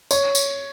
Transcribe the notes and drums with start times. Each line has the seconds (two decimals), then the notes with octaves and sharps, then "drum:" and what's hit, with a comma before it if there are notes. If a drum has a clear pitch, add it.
0.11 C#5, drum: tambourine
0.35 drum: tambourine